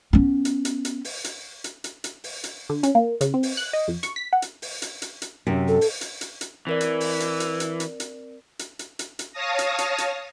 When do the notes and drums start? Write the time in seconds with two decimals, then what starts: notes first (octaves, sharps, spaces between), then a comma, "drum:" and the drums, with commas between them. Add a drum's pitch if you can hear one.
0.13 B3 C#4
0.45 drum: hi-hat
0.65 drum: hi-hat
0.85 drum: hi-hat
1.05 drum: open hi-hat
1.24 drum: hi-hat
1.64 drum: hi-hat
1.84 drum: hi-hat
2.04 drum: hi-hat
2.24 drum: open hi-hat
2.44 drum: hi-hat
2.69 D3
2.83 C#4, drum: hi-hat
2.95 A#3
3.21 C#3, drum: hi-hat
3.34 C4
3.43 drum: open hi-hat
3.57 F#6
3.73 D#5
3.88 F2
4.03 C#6, drum: hi-hat
4.16 B6
4.33 F#5
4.42 drum: hi-hat
4.62 drum: open hi-hat
4.82 drum: hi-hat
5.02 drum: hi-hat
5.22 drum: hi-hat
5.47 F#2 C3
5.68 A4
5.81 drum: open hi-hat
6.01 drum: hi-hat
6.21 drum: hi-hat
6.41 drum: hi-hat
6.67 E3 C4 A#4 D5
6.81 drum: hi-hat
7.00 drum: open hi-hat
7.20 drum: hi-hat
7.40 drum: hi-hat
7.60 drum: hi-hat
7.80 drum: hi-hat
8.00 drum: hi-hat
8.59 drum: hi-hat
8.79 drum: hi-hat
8.99 drum: hi-hat
9.19 drum: hi-hat
9.32 C#5 F5 A5 D#6 A#6
9.59 drum: hi-hat
9.78 drum: hi-hat
9.98 drum: hi-hat